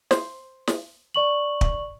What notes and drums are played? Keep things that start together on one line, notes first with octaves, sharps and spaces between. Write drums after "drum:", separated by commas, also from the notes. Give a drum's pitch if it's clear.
C5, drum: snare
drum: snare
D5 C#6 F#7
drum: kick